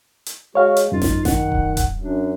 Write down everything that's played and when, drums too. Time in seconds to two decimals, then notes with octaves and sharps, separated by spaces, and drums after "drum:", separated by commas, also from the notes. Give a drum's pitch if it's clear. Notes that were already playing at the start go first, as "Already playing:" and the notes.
0.26 drum: hi-hat
0.55 G#3 F#4 C#5 F5
0.76 drum: hi-hat
0.92 F#2 D#4 F4
1.02 drum: snare A1
1.25 D#3 F#5, drum: snare A1
1.52 drum: kick D#1
1.77 drum: kick D#1, hi-hat
2.02 F#2 D4